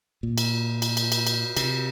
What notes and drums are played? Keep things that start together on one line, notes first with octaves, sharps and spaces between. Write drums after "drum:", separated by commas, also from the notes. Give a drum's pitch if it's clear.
A#2
drum: cymbal
drum: cymbal
drum: cymbal
drum: cymbal
drum: cymbal
C3, drum: cymbal